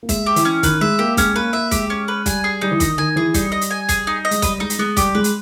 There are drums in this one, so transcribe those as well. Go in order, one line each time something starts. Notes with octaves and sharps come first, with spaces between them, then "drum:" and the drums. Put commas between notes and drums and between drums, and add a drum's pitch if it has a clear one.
A#3
G#3 E5, drum: kick, hi-hat
G4
E3, drum: hi-hat
C#4
D#3 B4, drum: kick, hi-hat
G#3 E5
A#3 G4
G#3 C#4, drum: kick, hi-hat
A#3 B4
A#3 E5
G#3 G4, drum: kick, hi-hat
C#4
B4
G3 G#5, drum: kick, hi-hat
G#4
G3 D#4
E3
D#3 D#5, drum: kick, hi-hat
D#3 G#5
E3 G#4
G3 D#4, drum: kick, hi-hat
D#5
drum: hi-hat
G#5
G#4, drum: kick, hi-hat
D#4
D#5
G#3, drum: hi-hat
G3 B4, drum: kick, hi-hat
G#3 D#4
drum: hi-hat
G#3 B3
G3 G4, drum: kick, hi-hat
G#3 B4
drum: hi-hat